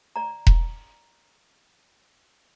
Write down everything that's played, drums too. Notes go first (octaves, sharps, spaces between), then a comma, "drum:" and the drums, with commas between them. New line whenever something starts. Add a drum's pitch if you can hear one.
D5 A#5
drum: kick E1